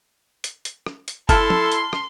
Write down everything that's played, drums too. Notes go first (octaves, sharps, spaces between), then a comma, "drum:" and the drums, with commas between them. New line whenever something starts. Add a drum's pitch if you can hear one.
drum: hi-hat
drum: hi-hat
drum: rim click
drum: hi-hat
E4 A4 A5 C6 F6, drum: kick F#1, hi-hat
drum: tom
drum: hi-hat
drum: rim click